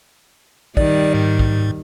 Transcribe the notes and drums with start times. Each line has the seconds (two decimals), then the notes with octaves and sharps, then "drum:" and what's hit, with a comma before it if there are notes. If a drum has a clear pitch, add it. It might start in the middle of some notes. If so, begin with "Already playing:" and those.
0.77 D#3 G3 D5, drum: kick
1.14 G#2
1.39 drum: kick